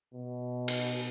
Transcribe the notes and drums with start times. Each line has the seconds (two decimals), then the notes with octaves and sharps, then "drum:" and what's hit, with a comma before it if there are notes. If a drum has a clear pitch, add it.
0.14 B2
0.68 drum: cymbal